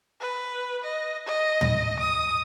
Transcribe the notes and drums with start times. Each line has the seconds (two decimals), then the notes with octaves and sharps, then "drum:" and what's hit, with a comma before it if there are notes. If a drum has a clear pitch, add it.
0.20 B4
0.84 D#5
1.27 D#5
1.61 drum: tom
1.99 D#6